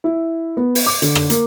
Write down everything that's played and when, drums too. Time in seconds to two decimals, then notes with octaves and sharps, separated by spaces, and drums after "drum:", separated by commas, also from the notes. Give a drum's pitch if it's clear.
0.04 E4
0.57 B3
0.75 drum: open hi-hat
0.86 D6
1.02 D3, drum: hi-hat
1.15 drum: rim click
1.30 A#3, drum: hi-hat